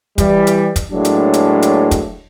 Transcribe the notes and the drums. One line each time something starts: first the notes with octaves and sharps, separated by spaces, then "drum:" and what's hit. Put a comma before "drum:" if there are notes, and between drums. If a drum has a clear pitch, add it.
E3 G3, drum: kick, hi-hat
drum: hi-hat
drum: kick, hi-hat
A2 F#3 G#3 A#3 D4
drum: hi-hat
drum: hi-hat
drum: hi-hat
drum: kick, hi-hat